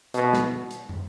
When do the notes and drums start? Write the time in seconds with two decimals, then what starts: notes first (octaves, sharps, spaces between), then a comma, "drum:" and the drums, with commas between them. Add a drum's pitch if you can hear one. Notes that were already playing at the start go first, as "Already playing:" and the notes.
0.14 B2, drum: hi-hat
0.33 drum: snare
0.71 drum: hi-hat
0.89 drum: tom